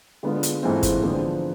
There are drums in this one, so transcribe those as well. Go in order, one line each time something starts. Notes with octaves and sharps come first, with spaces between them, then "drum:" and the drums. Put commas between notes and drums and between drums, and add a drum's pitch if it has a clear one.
D3 G#3 B3 F4
drum: hi-hat
G#2 E3 A3 C4 F4
drum: kick G1, hi-hat
D3 F3 B3